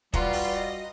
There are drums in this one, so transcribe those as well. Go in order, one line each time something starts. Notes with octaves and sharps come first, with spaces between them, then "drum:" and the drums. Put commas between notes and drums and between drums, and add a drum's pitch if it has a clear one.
G3 F4 F#4 B4 A#5 C6, drum: kick, hi-hat
drum: open hi-hat
D#5